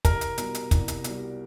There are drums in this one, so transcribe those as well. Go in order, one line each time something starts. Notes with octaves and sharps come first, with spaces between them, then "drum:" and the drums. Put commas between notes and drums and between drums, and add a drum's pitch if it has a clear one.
C2 A#4, drum: kick, hi-hat
drum: hi-hat
B2 G3, drum: hi-hat
drum: hi-hat
C2, drum: kick, hi-hat
drum: hi-hat
B2 G3, drum: hi-hat